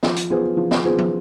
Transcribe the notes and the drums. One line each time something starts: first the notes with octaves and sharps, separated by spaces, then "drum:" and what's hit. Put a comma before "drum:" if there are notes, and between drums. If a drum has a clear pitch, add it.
F3, drum: snare
drum: hi-hat
B3 F4 G#4 C5
F3
drum: snare
B3 F4 G#4 C5
drum: tom